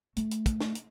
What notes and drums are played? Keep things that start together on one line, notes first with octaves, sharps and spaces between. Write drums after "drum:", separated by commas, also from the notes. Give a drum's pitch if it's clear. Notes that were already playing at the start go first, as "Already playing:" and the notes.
A3, drum: hi-hat
drum: hi-hat
drum: kick, hi-hat
drum: snare
drum: hi-hat